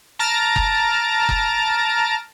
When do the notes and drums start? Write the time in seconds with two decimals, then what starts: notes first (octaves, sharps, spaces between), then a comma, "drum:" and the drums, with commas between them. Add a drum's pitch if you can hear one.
0.19 A5 A#5 F6 A6 A#6 D7
0.56 drum: kick F#1
1.29 drum: kick F#1